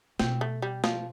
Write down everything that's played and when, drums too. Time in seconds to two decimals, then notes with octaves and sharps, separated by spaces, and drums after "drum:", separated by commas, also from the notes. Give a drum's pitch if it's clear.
0.19 B2 C4, drum: snare
0.41 A3
0.62 G3
0.84 F3, drum: snare